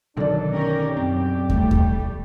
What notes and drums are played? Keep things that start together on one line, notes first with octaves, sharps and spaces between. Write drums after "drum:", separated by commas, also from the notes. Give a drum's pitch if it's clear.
B1 B2 D3 D#3 D4 A4 D5
C#4 G4 A#4
F#2 C4
E2 G3 A3, drum: kick
drum: kick